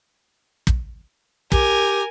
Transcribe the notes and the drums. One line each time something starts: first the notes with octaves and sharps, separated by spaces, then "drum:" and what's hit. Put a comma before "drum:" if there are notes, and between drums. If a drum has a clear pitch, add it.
drum: kick
G4 A#4 G#5, drum: kick